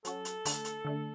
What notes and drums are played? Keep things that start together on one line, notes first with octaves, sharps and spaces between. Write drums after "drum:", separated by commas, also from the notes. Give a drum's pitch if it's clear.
F#3 C#4 F#4 A4, drum: hi-hat
drum: hi-hat
D3 A3 D4, drum: open hi-hat
drum: hi-hat
D3 A3 D4